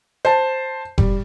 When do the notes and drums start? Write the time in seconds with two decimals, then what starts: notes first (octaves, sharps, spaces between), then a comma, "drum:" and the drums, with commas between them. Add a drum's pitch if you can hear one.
0.25 C5 A5
0.98 G3, drum: kick F1